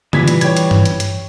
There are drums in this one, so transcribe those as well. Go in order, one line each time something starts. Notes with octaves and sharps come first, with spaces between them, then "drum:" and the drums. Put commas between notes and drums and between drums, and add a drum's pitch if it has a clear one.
A#2 E3 G3 G#6 B6, drum: tom C#3
drum: hi-hat
C#5 G5 G#6, drum: hi-hat
drum: hi-hat
drum: tom G2
drum: hi-hat
drum: hi-hat